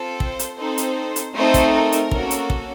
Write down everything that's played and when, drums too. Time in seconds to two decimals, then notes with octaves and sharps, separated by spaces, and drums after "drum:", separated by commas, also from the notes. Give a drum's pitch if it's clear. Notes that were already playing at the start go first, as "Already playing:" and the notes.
Already playing: C4 F4 A4
0.20 C5, drum: kick
0.39 drum: hi-hat
0.58 C4 D#4 A4 C5
0.78 drum: hi-hat
1.16 drum: hi-hat
1.34 A3 C4 D#4 A4 C5
1.54 drum: kick, hi-hat
1.74 A#4
1.92 drum: hi-hat
2.11 A#3 C#4 F#4 A4, drum: kick
2.31 drum: hi-hat
2.50 drum: kick